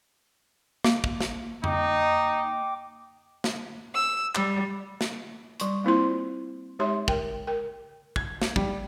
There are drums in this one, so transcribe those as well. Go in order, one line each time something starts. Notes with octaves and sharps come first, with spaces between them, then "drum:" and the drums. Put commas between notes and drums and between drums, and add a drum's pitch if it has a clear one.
A#3, drum: snare
drum: kick
drum: snare
D#4 G5 D6, drum: tom F2
drum: snare
E6
G3, drum: clap
drum: snare
G3 C6 C#6, drum: hi-hat
A#3 C4 E4 F4 C5 C6
G#3 D#4 G4 C#5 E5 C6
A#4 G5, drum: kick
A#4 G5
G#6, drum: kick
drum: snare
G3, drum: kick